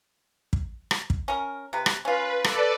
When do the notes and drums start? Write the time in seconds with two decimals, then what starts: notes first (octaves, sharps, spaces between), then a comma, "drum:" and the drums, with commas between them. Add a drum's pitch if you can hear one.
0.53 drum: kick
0.91 drum: rim click
1.10 drum: kick
1.28 C#4 A#4
1.73 C3 B4
1.86 drum: rim click
2.05 C#4 F4 B4
2.44 A4 B4 D5, drum: rim click